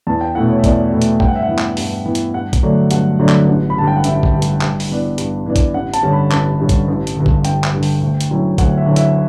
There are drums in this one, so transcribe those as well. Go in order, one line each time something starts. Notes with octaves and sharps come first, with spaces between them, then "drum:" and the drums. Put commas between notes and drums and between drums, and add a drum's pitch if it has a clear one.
E2 A5
G5
B2 A3 E4 F#5
C#5
E5
E2 D5, drum: kick A#1, hi-hat
B2 A3 E4
drum: hi-hat
G2 G5, drum: kick A#1
F#5
E5
F#5
E3 B3
drum: clap
G2, drum: open hi-hat
E3 B3
drum: hi-hat
G2 F#5
drum: kick A#1, hi-hat
D3 F#3 A3 D4
G2 F#5, drum: hi-hat
D3 F#3 A3 D4
drum: clap
A1
B5
G2 D3 A5
G5
F#5
A1 E5, drum: hi-hat
drum: kick A#1
G2 D3
drum: hi-hat
G2, drum: clap
drum: open hi-hat
E3 B3 D4
G2, drum: hi-hat
E3 B3 D4
drum: kick A#1, hi-hat
A1 F#5
A5, drum: hi-hat
G2 D3 G3 C#4
B5
A1 A5, drum: clap
G2 D3 G3 C#4
drum: kick A#1, hi-hat
A1
drum: hi-hat
G2 D3
drum: kick A#1
A1 G5, drum: hi-hat
drum: clap
G2 D3
drum: open hi-hat
D2
drum: hi-hat
D3 F#3 C#4 E4
D2 F#5, drum: kick A#1, hi-hat
E5
D3 F#3 C#4 E4
E5, drum: hi-hat